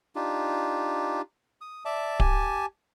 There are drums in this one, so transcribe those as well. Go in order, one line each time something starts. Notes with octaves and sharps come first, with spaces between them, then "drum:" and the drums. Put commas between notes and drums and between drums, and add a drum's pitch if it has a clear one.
D4 D#4 F4 G4
D#6
D5 E5 A5 D6
G4 G#5 A5, drum: kick D1